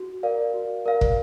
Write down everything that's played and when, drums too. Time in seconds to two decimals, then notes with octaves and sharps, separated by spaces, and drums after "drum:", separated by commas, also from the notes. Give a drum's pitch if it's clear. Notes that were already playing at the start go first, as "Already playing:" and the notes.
Already playing: F#4
0.23 A#4 D5 F5
0.54 F#4
0.86 A#4 D5 F5
1.01 drum: kick